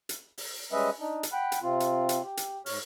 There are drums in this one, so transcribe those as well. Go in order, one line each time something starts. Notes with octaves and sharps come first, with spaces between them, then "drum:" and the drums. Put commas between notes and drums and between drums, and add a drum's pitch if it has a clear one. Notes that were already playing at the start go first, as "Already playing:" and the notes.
drum: hi-hat
drum: open hi-hat
G3 G#3 C#4 B4 D#5 E5
D4 D#4
drum: hi-hat
F#5 G5 B5 F#6
drum: hi-hat
C3 C4 F4
drum: hi-hat
drum: hi-hat
G4
drum: hi-hat
G#2 C#5 F6, drum: open hi-hat